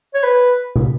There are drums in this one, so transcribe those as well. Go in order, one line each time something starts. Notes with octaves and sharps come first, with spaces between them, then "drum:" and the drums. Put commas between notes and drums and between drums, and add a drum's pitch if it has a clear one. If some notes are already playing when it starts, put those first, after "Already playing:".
C#5
B4
drum: tom